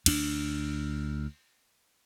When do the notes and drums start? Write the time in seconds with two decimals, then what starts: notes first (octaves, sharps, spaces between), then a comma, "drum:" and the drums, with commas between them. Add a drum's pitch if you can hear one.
0.06 D2 D4, drum: cymbal